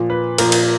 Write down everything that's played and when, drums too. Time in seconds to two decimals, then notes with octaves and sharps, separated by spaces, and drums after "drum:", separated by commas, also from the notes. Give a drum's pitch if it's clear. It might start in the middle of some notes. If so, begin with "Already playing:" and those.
Already playing: A#2 F3
0.10 B4
0.38 A#2 F3 A#4, drum: cymbal
0.52 drum: cymbal